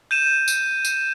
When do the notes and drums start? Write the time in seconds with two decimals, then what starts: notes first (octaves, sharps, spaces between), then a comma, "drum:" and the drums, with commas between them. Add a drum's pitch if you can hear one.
0.11 G6 D#7 E7
0.48 drum: tambourine
0.85 drum: tambourine